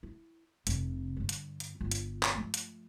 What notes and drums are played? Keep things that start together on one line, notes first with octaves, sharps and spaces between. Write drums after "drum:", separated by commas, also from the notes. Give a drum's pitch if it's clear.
E4
F1 C3, drum: hi-hat
G2 D3
drum: hi-hat
drum: hi-hat
G1 F4
drum: hi-hat
drum: clap
F3 A3
drum: hi-hat